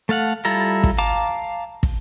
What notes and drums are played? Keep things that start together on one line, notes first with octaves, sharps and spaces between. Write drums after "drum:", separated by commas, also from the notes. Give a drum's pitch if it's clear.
A3 A4 F5 F#5
G3 E4 F4 A4 A#5
drum: kick
F5 A5 A#5 D6
drum: kick